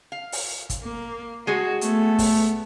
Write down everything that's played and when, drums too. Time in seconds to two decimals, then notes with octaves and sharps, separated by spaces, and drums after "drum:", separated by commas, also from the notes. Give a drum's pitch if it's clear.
0.12 F5
0.32 drum: open hi-hat
0.70 drum: kick, hi-hat
0.84 A#3
1.47 G#3 F#4 G#4 C#5
1.81 A3 B3 A4, drum: hi-hat
2.19 drum: kick, open hi-hat